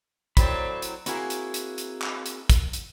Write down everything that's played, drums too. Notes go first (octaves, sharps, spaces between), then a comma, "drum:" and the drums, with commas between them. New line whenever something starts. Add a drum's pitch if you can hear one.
A2 F#3 C4 D5 B5, drum: kick, hi-hat
drum: hi-hat
A#3 C4 E4 F#4 G#4, drum: hi-hat
drum: hi-hat
drum: hi-hat
drum: hi-hat
drum: clap
drum: hi-hat
drum: kick, hi-hat
drum: hi-hat